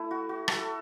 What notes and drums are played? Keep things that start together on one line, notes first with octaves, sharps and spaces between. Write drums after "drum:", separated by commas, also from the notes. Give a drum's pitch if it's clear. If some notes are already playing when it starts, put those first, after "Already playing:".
Already playing: A3 E4
F#4
F#4
F#4 A4, drum: rim click
A4